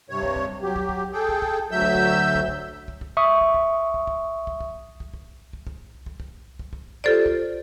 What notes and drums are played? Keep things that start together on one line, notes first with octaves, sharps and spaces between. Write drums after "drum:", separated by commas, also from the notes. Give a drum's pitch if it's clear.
G2 C3 C#5
drum: kick
drum: kick
F#3 G4
drum: kick
drum: kick
G#4 A4 G5
drum: kick
drum: kick
D2 F#3 E5 E6 G6
drum: kick
drum: kick
drum: kick
drum: kick
drum: kick
drum: kick
E5 C#6 D#6
drum: kick
drum: kick
drum: kick
drum: kick
drum: kick
drum: kick
drum: kick
drum: kick
drum: kick
drum: kick
drum: kick
drum: kick
drum: kick
drum: kick
F4 G4 A4 C5 D5
drum: kick